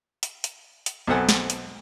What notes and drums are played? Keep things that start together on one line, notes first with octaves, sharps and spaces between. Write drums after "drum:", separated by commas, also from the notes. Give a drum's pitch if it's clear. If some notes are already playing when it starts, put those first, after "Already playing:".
drum: hi-hat
drum: hi-hat
drum: hi-hat
B1 B2 C4 A4 F#5 G#5
drum: snare
drum: hi-hat